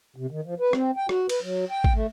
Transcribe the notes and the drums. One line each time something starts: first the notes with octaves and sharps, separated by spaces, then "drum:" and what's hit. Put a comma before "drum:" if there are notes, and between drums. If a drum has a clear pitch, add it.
C3
D#3
F3
B4
C4, drum: rim click
G5
F#4, drum: rim click
B4, drum: cymbal
F#3
G5
drum: kick G#1
A3